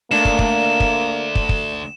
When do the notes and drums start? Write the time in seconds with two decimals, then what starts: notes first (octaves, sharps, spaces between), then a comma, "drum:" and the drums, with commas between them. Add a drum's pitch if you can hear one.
0.11 D2 A3 A#3 D4 C#5 E7
0.25 drum: kick
0.39 drum: kick
0.80 drum: kick
1.35 drum: kick
1.49 drum: kick